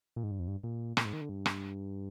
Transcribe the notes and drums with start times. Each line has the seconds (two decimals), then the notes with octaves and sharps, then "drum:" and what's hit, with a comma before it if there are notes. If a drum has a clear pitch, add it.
0.16 A#2
0.23 G#2
0.31 G2
0.39 F2
0.48 G2
0.64 A#2
0.97 A#2, drum: rim click
1.05 G#2
1.13 D#3
1.21 D3
1.29 G2
1.46 drum: rim click